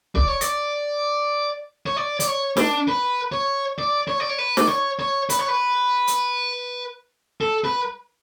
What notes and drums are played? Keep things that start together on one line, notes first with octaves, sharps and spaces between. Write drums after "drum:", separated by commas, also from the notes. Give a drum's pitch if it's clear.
D5, drum: kick
C#5
D5, drum: hi-hat
C#5
D5
D5, drum: hi-hat
C#5
D4, drum: snare
B4
C#5
D5
C#5
D5
C#5
B4
D5, drum: snare
C#5
C#5
B4, drum: hi-hat
C#5
B4
drum: hi-hat
A4
B4